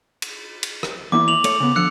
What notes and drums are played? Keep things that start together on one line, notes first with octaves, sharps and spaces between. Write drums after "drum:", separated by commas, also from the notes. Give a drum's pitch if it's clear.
drum: cymbal
drum: cymbal
drum: rim click
E2 A#3 E4 D6
F7 F#7
A3 C#5, drum: cymbal
C#3 B3
D3 F3 E6 F#6 C#7